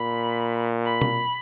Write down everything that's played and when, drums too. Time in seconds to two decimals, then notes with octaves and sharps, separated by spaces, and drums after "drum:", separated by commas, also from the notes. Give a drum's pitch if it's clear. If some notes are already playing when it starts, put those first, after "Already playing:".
Already playing: A#2 B5
0.85 B5
1.01 drum: tom B2